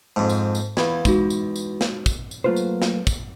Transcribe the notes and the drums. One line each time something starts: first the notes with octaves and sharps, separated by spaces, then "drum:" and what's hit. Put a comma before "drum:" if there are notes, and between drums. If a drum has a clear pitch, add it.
F2 G#2 A5
drum: tambourine
drum: tambourine
E2 F5 B5 G#6, drum: snare
G#3 D#4 F#4, drum: kick, tambourine
drum: tambourine
drum: tambourine
drum: snare
drum: kick, tambourine
drum: tambourine
F#3 A3 A#3 F4 B4 C5
drum: tambourine
drum: snare
drum: kick, tambourine